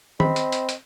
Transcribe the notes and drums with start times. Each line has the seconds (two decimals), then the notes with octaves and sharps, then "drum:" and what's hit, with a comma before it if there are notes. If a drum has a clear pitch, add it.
0.20 C4 D#5 B5, drum: tom D#3
0.36 drum: hi-hat
0.52 drum: hi-hat
0.69 drum: hi-hat